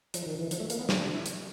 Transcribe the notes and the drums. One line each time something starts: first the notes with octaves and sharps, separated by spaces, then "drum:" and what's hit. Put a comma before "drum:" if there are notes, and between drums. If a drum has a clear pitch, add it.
F3, drum: hi-hat
D#3
E3
F3, drum: hi-hat
A3
A#3, drum: hi-hat
B3
C4, drum: snare
D4
E4
drum: hi-hat